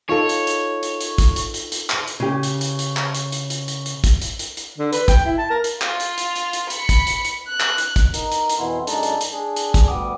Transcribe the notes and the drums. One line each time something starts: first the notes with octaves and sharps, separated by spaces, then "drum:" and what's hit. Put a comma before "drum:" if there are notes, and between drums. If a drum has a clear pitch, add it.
D#4 F4 A4 C#5
drum: hi-hat
drum: hi-hat
drum: hi-hat
drum: hi-hat
drum: kick, hi-hat
drum: hi-hat
drum: hi-hat
drum: hi-hat
drum: clap
drum: hi-hat
C#3 G4
drum: hi-hat
drum: hi-hat
drum: hi-hat
drum: clap
drum: hi-hat
drum: hi-hat
drum: hi-hat
drum: hi-hat
drum: hi-hat
drum: kick, hi-hat
drum: hi-hat
drum: hi-hat
drum: hi-hat
D3
B4, drum: hi-hat
G5, drum: kick, hi-hat
E4
A5
A#4
drum: hi-hat
F4, drum: clap
drum: hi-hat
drum: hi-hat
drum: hi-hat
drum: hi-hat
B5 C#7, drum: hi-hat
drum: kick, hi-hat
drum: hi-hat
drum: hi-hat
F#6
drum: clap
drum: hi-hat
drum: kick, hi-hat
D#4 A#4, drum: hi-hat
drum: hi-hat
drum: hi-hat
F2 B2 E3 B3 E4 C6
F#2 G#3 D4 D#4 A4 A5, drum: hi-hat
drum: hi-hat
drum: hi-hat
D4 G#4
drum: hi-hat
drum: kick, hi-hat
D2 G3 B3 D6 D#6